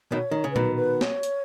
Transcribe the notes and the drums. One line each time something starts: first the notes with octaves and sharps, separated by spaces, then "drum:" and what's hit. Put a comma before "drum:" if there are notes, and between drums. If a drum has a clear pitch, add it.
B2 D#3 C#5
D#3
C#3
B4
B2 D#3, drum: tom A#2
B4
C#5, drum: snare
drum: hi-hat